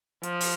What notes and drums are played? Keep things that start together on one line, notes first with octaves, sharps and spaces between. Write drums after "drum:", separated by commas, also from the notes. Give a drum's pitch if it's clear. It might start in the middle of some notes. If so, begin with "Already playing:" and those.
F3, drum: hi-hat
drum: open hi-hat